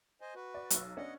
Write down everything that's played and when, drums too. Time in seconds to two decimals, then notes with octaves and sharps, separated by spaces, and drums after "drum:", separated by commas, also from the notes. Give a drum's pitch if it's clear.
0.21 C5 D#5 G#5
0.35 F#4 B4
0.55 D5
0.70 B1 F#3, drum: hi-hat
0.97 B3 C#4 D4 D#5 F#5